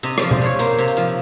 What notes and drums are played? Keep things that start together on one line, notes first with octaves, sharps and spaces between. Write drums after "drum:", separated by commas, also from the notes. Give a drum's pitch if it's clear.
C3 D#5, drum: hi-hat
F3 D5, drum: rim click
C5, drum: tom B2
C3 C#5
A#3 C5, drum: hi-hat
C3
drum: hi-hat
F3